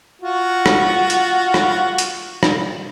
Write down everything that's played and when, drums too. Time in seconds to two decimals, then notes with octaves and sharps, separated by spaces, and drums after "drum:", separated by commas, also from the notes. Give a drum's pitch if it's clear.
0.21 F4 F#4
0.66 drum: rim click
1.10 drum: hi-hat
1.54 drum: rim click
1.98 drum: hi-hat
2.43 drum: rim click